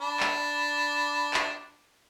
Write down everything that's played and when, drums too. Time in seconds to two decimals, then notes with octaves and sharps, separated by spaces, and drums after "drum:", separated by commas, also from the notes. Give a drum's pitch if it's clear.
0.01 D4 B5
0.20 drum: clap
1.34 drum: clap